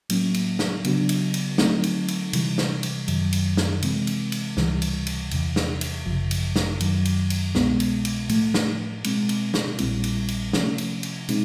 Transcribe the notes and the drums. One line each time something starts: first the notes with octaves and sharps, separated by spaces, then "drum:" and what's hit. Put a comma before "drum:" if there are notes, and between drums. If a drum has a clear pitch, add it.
A2 F#3 A#3 C#4, drum: cymbal
drum: cymbal
drum: snare
C#3 F#3 B3 D4 F#4, drum: cymbal
drum: cymbal
drum: cymbal
D3 F#3 A3 C4 D#4, drum: snare
drum: cymbal
drum: cymbal
C3 E3 G3, drum: cymbal
drum: snare
drum: cymbal
F#2 D#3 F#3, drum: cymbal
drum: cymbal
drum: snare
C3 E3 G#3 C4, drum: cymbal
drum: cymbal
drum: cymbal
C#2 C3 E3 G3, drum: snare
drum: cymbal
drum: cymbal
E2 C3 E3, drum: cymbal
drum: snare
drum: cymbal
G#1 F#2 C#3 F3
drum: cymbal
drum: snare
F#2 D#3 F#3, drum: cymbal
drum: cymbal
drum: cymbal
C2 B2 G#3 B3, drum: snare
drum: cymbal
drum: cymbal
A2 F3 A3, drum: cymbal
drum: snare
B2 G#3 C4, drum: cymbal
drum: cymbal
drum: snare
A#1 A#2 G3 C4 E4, drum: cymbal
drum: cymbal
drum: cymbal
C3 F3 A3 C#4, drum: snare
drum: cymbal
drum: cymbal
B2 G#3 C4 D#4, drum: cymbal